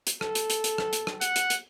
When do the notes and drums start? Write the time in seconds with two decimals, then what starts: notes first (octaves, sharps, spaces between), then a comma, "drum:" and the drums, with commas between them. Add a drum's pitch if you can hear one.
0.07 drum: hi-hat
0.21 A4, drum: rim click
0.35 drum: hi-hat
0.50 drum: hi-hat
0.64 drum: hi-hat
0.78 drum: rim click
0.93 drum: hi-hat
1.07 drum: rim click
1.21 F#5, drum: hi-hat
1.36 drum: hi-hat
1.50 drum: hi-hat